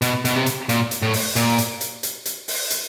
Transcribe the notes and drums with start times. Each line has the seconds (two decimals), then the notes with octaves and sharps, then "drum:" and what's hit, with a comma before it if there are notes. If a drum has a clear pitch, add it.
0.02 B2, drum: hi-hat
0.25 B2, drum: hi-hat
0.35 C3
0.46 drum: hi-hat
0.69 A#2, drum: hi-hat
0.91 drum: hi-hat
1.02 A2
1.13 drum: open hi-hat
1.36 A#2, drum: hi-hat
1.58 drum: hi-hat
1.81 drum: hi-hat
2.03 drum: hi-hat
2.26 drum: hi-hat
2.48 drum: open hi-hat
2.70 drum: hi-hat